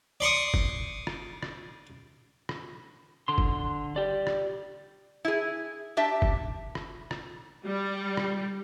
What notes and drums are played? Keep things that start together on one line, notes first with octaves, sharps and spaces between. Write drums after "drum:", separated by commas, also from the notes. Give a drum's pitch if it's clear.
D5 C6 C#6 D#6
drum: kick
drum: rim click
drum: rim click
drum: rim click
D3 C6
drum: kick
G4 D5
drum: rim click
E4 G#4
D4 G4 E5 A5
drum: kick
drum: rim click
drum: rim click
G3
drum: rim click